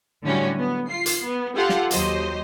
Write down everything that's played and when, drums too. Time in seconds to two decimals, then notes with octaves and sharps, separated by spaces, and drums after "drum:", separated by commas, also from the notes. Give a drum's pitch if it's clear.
0.23 A2 D3 F#3 G3 C#4 F#4
0.58 B3
0.90 F4 C7
1.06 drum: hi-hat
1.23 B3
1.56 F4 G4 A4 F5 F#5
1.69 drum: snare
1.91 D#2 F#3 G4 C5 D#5, drum: hi-hat